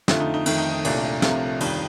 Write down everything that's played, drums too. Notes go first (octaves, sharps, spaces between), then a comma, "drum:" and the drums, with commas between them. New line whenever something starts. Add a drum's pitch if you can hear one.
F2 D3 A3 F4, drum: snare
D#4
D#4
F2 D#3 A3, drum: cymbal
D#4
D#4
C2 A#2 A3 D4, drum: cymbal
C2 C3 F3 A3, drum: snare
G1 F2 D#3 G3, drum: cymbal